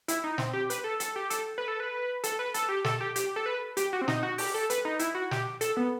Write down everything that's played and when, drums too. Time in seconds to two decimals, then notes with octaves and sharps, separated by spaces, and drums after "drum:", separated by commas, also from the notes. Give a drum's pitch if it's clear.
0.08 E4, drum: hi-hat
0.24 D#4
0.38 C4, drum: snare
0.53 G4
0.70 B4, drum: hi-hat
0.84 A4
1.00 A4, drum: hi-hat
1.16 G4
1.30 A4, drum: hi-hat
1.58 B4
1.68 A4
1.80 B4
2.24 A4, drum: hi-hat
2.39 B4
2.54 A4, drum: hi-hat
2.69 G4
2.84 A4, drum: snare
3.01 G4
3.16 G4, drum: hi-hat
3.36 A4
3.46 B4
3.77 G4, drum: hi-hat
3.93 F#4
4.01 C4
4.08 D#4, drum: snare
4.23 F#4
4.38 G4, drum: open hi-hat
4.54 A4
4.70 B4, drum: hi-hat
4.85 D#4
4.99 E4, drum: hi-hat
5.15 F#4
5.31 G4, drum: snare
5.61 A4, drum: hi-hat
5.77 B3